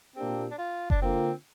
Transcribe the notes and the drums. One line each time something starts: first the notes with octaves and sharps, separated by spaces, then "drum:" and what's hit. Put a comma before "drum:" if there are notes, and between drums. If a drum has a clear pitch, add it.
A#2 A#3 C4 D4 G4
D4
F4
D4, drum: kick F#1
D3 A#3 C4 F4